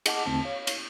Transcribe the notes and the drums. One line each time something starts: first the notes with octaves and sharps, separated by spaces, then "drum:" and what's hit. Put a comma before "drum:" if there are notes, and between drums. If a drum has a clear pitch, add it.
G#4 D#5 F#5 A5 D6, drum: cymbal
E2 D3 A3 C4 D#4 A5
C#5 F5
drum: cymbal